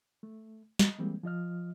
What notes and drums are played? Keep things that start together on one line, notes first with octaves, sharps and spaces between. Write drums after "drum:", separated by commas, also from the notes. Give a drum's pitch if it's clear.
A3
D#5, drum: snare
E3 G3 G#3 A#3 C4
F3 F4 D#5 F6